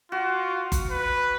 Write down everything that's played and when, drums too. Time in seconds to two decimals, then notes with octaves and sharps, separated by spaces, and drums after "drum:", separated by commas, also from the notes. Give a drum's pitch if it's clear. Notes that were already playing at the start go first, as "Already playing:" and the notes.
0.12 F4 F#4
0.72 drum: kick F#1, hi-hat
0.90 B4